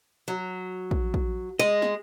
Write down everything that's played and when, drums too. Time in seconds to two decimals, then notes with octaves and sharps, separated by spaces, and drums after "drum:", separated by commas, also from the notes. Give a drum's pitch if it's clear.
0.28 F#3
0.91 drum: kick
1.14 drum: kick
1.59 G#3 D#5
1.82 drum: snare